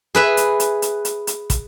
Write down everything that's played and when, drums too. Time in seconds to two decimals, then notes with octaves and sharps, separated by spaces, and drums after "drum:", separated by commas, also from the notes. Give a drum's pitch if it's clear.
0.15 G#4 B4 E5
0.37 drum: hi-hat
0.60 drum: hi-hat
0.82 drum: hi-hat
1.05 drum: hi-hat
1.27 drum: hi-hat
1.50 drum: kick, hi-hat